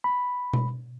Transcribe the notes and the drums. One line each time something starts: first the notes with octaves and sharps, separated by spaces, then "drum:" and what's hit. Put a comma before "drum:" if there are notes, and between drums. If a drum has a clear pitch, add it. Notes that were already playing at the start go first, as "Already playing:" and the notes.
B5
drum: tom B2